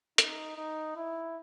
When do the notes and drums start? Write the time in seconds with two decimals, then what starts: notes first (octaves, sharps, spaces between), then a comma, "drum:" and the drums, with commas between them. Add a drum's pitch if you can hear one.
0.18 D#4, drum: hi-hat
0.57 D#4
0.96 E4